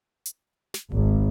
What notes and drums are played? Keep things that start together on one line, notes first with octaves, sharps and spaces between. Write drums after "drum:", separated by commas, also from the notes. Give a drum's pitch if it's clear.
drum: hi-hat
drum: snare
G#1, drum: kick D#1